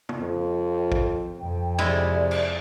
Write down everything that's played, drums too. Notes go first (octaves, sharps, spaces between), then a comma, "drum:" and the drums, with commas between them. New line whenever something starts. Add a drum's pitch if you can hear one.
drum: tom
F2
drum: kick
F2 G5
C3 G#3 E4 D5, drum: cymbal
drum: cymbal